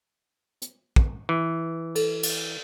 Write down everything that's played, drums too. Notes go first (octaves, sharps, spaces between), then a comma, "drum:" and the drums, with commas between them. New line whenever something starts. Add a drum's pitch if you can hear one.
drum: hi-hat
drum: kick
E3
A4, drum: cymbal
drum: cymbal